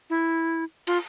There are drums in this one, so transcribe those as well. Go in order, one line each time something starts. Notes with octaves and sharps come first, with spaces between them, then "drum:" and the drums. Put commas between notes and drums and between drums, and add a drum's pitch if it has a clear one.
E4
F4, drum: cymbal